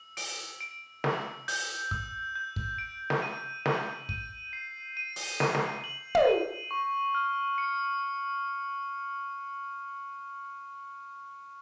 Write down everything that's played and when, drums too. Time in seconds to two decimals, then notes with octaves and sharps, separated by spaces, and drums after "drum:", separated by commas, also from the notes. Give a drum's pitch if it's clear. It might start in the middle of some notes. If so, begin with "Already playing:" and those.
Already playing: E6
0.17 D7, drum: open hi-hat
0.60 D7
1.04 E6, drum: snare
1.48 G6, drum: open hi-hat
1.91 E6, drum: kick
2.36 G6
2.56 drum: kick
2.78 D7
3.10 drum: snare
3.22 D#7
3.66 F#7, drum: snare
4.09 D#7, drum: kick
4.53 C7
4.97 D#7
5.16 drum: open hi-hat
5.40 D#7, drum: snare
5.55 drum: snare
5.84 F#7
6.15 drum: tom
6.27 D#7
6.71 C#6
7.15 F6
7.58 C#7